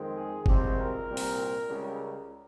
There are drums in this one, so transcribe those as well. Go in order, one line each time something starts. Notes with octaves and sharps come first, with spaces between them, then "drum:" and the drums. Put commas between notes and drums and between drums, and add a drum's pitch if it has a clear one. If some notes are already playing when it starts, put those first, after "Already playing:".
Already playing: F2 D#3 G#3 C4
G#4
C2 C3 F3 G#3 C4 G4, drum: kick G1
A#4
C2 A#2 G3 C4
drum: open hi-hat
C#2 C#3 G3